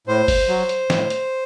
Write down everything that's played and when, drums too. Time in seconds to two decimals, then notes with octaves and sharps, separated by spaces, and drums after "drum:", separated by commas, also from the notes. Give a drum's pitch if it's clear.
0.07 A2 C5
0.28 drum: kick F#1, open hi-hat
0.49 F#3
0.69 drum: hi-hat
0.90 A2, drum: snare
1.10 drum: hi-hat